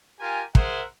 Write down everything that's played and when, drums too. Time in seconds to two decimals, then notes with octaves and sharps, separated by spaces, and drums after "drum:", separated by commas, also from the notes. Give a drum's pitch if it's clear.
0.20 F4 G4 A#4 G#5
0.55 G#4 A#4 C5 E5 F#5, drum: kick